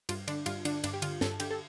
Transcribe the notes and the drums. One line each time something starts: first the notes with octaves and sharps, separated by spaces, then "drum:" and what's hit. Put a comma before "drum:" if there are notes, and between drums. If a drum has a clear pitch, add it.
G2 F4, drum: cymbal
D3 D4, drum: cymbal
G2 F4, drum: cymbal
D3 D4, drum: cymbal
G2 D4, drum: cymbal
G4
D3 F4, drum: cymbal
G2 A4, drum: snare
D3 G4, drum: cymbal
A4